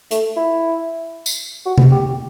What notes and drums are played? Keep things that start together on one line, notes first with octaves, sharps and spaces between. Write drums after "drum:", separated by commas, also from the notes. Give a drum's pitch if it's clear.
A3, drum: hi-hat
E4
drum: tambourine
F#4
drum: tom C3
G4